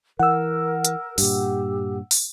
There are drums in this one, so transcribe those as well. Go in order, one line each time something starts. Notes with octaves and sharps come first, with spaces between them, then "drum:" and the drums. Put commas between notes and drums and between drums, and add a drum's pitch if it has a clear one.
E3 A#4 F#5 E6
drum: hi-hat
G2 A#2 G4, drum: open hi-hat
drum: open hi-hat